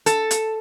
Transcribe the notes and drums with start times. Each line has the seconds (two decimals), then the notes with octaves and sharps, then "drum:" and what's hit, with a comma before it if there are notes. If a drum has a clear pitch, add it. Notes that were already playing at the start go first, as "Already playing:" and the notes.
0.06 A4, drum: hi-hat
0.31 drum: hi-hat